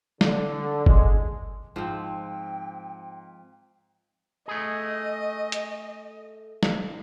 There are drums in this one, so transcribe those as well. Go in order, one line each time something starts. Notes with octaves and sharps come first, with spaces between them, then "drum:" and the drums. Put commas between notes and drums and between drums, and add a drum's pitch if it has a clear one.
D3, drum: snare
G#3, drum: kick
G#2 F3 C4 G5
A3 G#4 D#5
drum: hi-hat
drum: snare